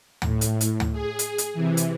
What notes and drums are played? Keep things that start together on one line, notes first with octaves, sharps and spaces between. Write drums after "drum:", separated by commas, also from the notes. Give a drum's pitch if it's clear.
A2, drum: tom D2
drum: hi-hat
drum: hi-hat
drum: tom D2
G#4
drum: hi-hat
drum: hi-hat
C3 E3
drum: hi-hat